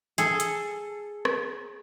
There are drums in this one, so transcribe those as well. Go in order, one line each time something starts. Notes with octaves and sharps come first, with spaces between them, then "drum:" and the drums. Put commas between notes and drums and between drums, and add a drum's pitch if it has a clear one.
G#4 A4, drum: hi-hat
drum: hi-hat
drum: rim click